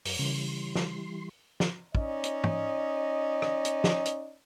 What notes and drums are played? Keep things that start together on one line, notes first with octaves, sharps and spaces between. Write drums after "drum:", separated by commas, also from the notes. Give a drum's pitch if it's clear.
F#2, drum: open hi-hat
C#3 E3 G3 C6
drum: snare
drum: snare
C#4 D#4 D5 D#5, drum: kick
drum: hi-hat
drum: tom
drum: rim click
drum: hi-hat
drum: snare
drum: hi-hat